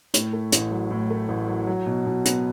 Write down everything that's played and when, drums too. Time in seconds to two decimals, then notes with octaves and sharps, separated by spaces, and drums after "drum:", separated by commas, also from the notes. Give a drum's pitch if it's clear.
0.14 A2, drum: hi-hat
0.33 A3
0.52 A1, drum: hi-hat
0.71 F#3
0.91 A2
1.10 A3
1.28 A1
1.48 F#3
1.67 F#3
1.86 B2
2.06 B2
2.25 B3, drum: hi-hat